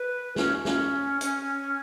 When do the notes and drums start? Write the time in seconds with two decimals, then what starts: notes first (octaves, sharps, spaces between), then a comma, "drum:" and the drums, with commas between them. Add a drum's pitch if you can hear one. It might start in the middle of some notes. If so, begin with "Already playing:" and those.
Already playing: B4
0.36 C#4, drum: snare
0.65 C#4, drum: snare
1.21 C#4, drum: hi-hat